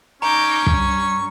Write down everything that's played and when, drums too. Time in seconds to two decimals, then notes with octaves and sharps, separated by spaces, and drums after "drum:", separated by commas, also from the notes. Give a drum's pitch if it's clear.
0.22 C#4 D#4 A#5 C#6 D6 G6
0.67 G2, drum: kick